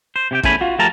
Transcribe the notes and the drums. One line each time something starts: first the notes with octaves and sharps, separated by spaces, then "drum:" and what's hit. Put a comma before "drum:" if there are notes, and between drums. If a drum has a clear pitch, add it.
C5
C3 G4 G5
E2 A3 C#4 G#5 B5, drum: kick
F4 F#4
F3 A3 G4 A#4 A5 A#5